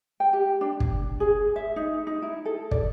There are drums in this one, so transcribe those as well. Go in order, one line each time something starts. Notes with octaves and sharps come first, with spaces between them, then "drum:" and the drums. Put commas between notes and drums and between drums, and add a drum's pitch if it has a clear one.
G5
G4
D4
drum: kick
G#4
E5
D#4
D#4
E4
A4
D5, drum: kick